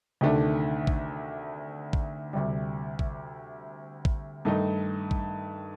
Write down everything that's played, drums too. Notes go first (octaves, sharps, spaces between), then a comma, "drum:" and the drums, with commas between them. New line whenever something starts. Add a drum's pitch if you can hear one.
D2 C3 D#3 A3 D4
drum: kick A1
drum: kick A1
D2 C3 G3
drum: kick A1
drum: kick A1
G2 D#3 A3 D#4
drum: kick A1